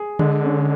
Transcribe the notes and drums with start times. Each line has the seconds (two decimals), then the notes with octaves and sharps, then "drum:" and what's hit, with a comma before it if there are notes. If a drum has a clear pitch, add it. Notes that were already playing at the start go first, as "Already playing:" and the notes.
Already playing: G#4
0.19 D3 G#3, drum: tom D3
0.44 C#4